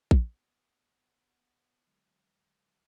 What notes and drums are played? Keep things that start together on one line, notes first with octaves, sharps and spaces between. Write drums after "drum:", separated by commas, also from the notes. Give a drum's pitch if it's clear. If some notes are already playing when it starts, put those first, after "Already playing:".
B3, drum: kick A#1
D3 F#3 G#3